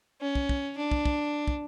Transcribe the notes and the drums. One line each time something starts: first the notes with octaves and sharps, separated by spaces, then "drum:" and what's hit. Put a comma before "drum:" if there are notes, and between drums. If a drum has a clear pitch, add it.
C#4
drum: kick
drum: kick
D4
drum: kick
drum: kick
drum: kick